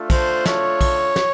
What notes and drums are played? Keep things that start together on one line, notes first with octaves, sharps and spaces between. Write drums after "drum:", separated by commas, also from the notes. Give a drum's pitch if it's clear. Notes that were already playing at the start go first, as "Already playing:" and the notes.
Already playing: A3 D4 F4
C5, drum: kick, cymbal
C#5, drum: snare
drum: kick, cymbal
drum: snare